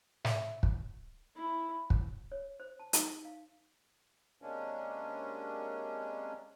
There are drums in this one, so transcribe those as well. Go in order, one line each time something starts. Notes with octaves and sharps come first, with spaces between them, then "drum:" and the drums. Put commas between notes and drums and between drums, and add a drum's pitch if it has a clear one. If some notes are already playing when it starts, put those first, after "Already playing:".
E5, drum: snare
drum: kick
E4
drum: kick
C#5
C5
A5
D#4, drum: hi-hat
F5
C3 G#3 A#3 C#4 D4